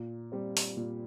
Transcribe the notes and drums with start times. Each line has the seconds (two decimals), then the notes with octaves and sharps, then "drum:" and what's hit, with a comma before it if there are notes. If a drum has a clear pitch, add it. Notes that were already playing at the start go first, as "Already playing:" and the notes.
Already playing: A#2
0.32 G3 C4
0.57 drum: open hi-hat
0.77 A#2